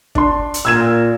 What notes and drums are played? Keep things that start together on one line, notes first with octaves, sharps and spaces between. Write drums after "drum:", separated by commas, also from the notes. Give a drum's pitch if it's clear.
D4 C6, drum: kick
drum: hi-hat
A#2 E6 G#6 E7